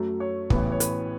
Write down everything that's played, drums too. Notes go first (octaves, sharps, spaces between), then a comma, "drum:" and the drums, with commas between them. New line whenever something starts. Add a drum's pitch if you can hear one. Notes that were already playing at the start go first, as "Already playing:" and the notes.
Already playing: F#2 F#3 A3
C#5
A1 A2 E3 B3, drum: kick
C#5
B4, drum: hi-hat